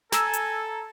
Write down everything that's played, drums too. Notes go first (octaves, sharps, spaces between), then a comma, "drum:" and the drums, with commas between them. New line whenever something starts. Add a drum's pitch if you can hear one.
A4 G#5 A#5 E6, drum: snare
drum: hi-hat